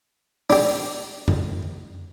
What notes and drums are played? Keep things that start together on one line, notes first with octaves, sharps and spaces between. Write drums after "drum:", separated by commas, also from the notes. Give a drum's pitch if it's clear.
D4 G4, drum: open hi-hat
drum: tom F2